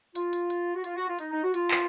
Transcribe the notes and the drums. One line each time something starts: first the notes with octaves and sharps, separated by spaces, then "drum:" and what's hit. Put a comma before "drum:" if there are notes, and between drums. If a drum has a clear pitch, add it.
F4, drum: hi-hat
drum: hi-hat
drum: hi-hat
F#4
F4, drum: hi-hat
F#4
F4
D#4, drum: hi-hat
D#4
F#4
F4, drum: hi-hat
drum: clap